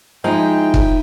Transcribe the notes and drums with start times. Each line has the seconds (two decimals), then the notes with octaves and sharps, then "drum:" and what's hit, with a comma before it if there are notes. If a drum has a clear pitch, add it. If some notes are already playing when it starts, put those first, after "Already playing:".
0.24 F3 G#3 D#4 E4 G5
0.74 drum: kick F1